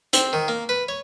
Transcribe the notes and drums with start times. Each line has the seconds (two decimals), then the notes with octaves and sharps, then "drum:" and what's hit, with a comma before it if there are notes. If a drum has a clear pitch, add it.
0.13 C4, drum: hi-hat
0.33 D#3
0.48 A#3
0.69 B4
0.89 C#5